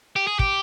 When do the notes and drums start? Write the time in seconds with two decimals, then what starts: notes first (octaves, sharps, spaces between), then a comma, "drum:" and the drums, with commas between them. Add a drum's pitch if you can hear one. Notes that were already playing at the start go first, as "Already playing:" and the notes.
0.16 G4
0.27 G#4
0.39 G4, drum: kick